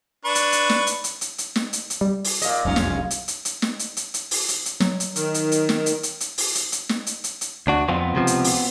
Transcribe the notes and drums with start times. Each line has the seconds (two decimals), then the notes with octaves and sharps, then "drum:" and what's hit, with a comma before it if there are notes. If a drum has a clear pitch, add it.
0.25 D4 B4 C#6
0.35 drum: hi-hat
0.52 drum: hi-hat
0.69 drum: snare
0.87 drum: hi-hat
1.04 drum: hi-hat
1.21 drum: hi-hat
1.38 drum: hi-hat
1.56 drum: snare
1.73 drum: hi-hat
1.90 drum: hi-hat
2.01 G3
2.24 drum: open hi-hat
2.42 A#2 D#5, drum: hi-hat
2.65 F1 C2 F#2 C#4 D#4 F4
2.76 drum: snare
3.11 drum: hi-hat
3.28 drum: hi-hat
3.45 drum: hi-hat
3.62 drum: snare
3.79 drum: hi-hat
3.97 drum: hi-hat
4.14 drum: hi-hat
4.31 drum: open hi-hat
4.48 drum: hi-hat
4.65 drum: hi-hat
4.80 F#3, drum: snare
5.00 drum: hi-hat
5.16 D#3, drum: hi-hat
5.34 drum: hi-hat
5.52 drum: hi-hat
5.69 drum: snare
5.86 drum: hi-hat
6.03 drum: hi-hat
6.20 drum: hi-hat
6.38 drum: open hi-hat
6.55 drum: hi-hat
6.72 drum: hi-hat
6.89 drum: snare
7.07 drum: hi-hat
7.24 drum: hi-hat
7.41 drum: hi-hat
7.67 D2 D4 F#4
7.88 F2 B3 C4 F4
8.15 C#2 C3 F3
8.27 drum: hi-hat
8.44 drum: open hi-hat